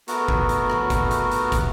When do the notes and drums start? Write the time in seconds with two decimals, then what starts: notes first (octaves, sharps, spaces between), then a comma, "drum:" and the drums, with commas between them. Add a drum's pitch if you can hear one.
0.08 A3 B3 F#4 A#4, drum: hi-hat
0.28 drum: kick
0.49 drum: hi-hat
0.70 drum: rim click
0.90 drum: kick, hi-hat
1.11 drum: hi-hat
1.31 drum: hi-hat
1.52 drum: kick, hi-hat